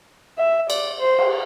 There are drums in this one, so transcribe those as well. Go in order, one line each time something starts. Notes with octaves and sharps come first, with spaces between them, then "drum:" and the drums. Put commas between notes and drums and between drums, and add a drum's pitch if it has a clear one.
E5
D5, drum: cymbal
C5
drum: cymbal